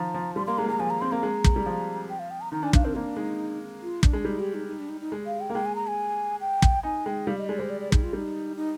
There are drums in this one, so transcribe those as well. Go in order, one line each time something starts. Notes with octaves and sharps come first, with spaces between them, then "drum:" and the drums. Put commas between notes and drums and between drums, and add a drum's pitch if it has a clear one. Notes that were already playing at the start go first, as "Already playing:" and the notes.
Already playing: D#3 F3 A#5
F3
G3 C6
A#3 C6
G#3 A#5
A#3
G#3 A#5
F3 G#5
A#5
C4 C6
A#3 A#5
G#3
drum: kick
G3
F3
G5
F5
G5
A#5
D#3 A#5
D4 G#5
D4 F5, drum: kick
C4 A#4
A#3 D4
G#3 D#4
F4
D4, drum: kick
G#3
G3 D#4
G4
D#4
D#4
D4
D#4
D#4
G#3
F5
G5
A#3
G#3 G5
G#5
A#5
G#5
G5
drum: kick
D#4 G#5
G#3 G5
G3 F5
D#5
G#3 D5
G#3 C5
D5
D5
D#4, drum: kick
F4
G3 D#4
D#4